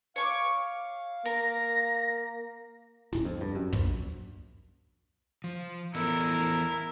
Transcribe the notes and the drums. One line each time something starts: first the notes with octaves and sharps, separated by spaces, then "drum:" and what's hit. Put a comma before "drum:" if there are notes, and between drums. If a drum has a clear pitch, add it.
C#5 F5 C#6 D6
A#3 A#4 A#6, drum: open hi-hat
D1, drum: snare
F2
G2
F#2
A#1, drum: kick
F3
E3 B3 E4 A4 A#4, drum: open hi-hat